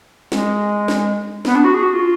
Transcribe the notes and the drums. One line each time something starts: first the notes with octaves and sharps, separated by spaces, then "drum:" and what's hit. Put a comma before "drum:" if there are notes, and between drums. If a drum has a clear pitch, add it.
G#3, drum: snare
drum: snare
B3, drum: snare
D4
F#4
G#4
F#4
F4